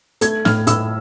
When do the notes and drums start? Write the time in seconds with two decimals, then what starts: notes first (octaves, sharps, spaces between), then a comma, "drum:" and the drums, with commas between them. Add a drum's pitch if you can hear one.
0.21 A3 G#6, drum: hi-hat
0.45 A2 F6, drum: snare
0.67 A2 E6, drum: hi-hat